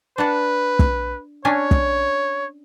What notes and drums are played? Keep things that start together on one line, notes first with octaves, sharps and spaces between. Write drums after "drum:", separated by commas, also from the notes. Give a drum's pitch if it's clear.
D4 B4 F#5 A5
drum: kick
C#4 D4 C#5 G#5
drum: kick